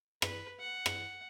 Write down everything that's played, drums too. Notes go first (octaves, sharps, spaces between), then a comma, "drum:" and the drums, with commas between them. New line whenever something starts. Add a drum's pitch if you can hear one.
B4, drum: rim click
F#5
drum: rim click